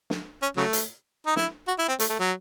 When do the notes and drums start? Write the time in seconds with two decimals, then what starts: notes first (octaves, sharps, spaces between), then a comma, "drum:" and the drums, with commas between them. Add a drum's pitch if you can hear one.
0.10 drum: snare
0.42 C#4
0.57 C#3 F#3 A3
0.73 drum: hi-hat
1.26 D#4
1.36 E4, drum: snare
1.68 F#4
1.79 E4
1.88 C4
1.99 A3, drum: hi-hat
2.10 A3
2.19 F#3